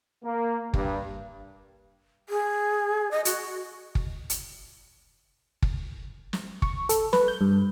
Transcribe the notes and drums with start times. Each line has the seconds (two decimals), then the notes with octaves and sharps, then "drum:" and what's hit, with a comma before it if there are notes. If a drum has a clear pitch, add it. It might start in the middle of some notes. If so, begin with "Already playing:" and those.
0.24 A#3
0.74 G2, drum: kick
2.29 G#4
3.11 D#5
3.25 F#4, drum: hi-hat
3.95 drum: kick
4.30 drum: hi-hat
5.62 drum: kick
6.33 drum: snare
6.62 C#6, drum: kick
6.89 A4, drum: hi-hat
7.13 B4, drum: snare
7.28 G6
7.41 G2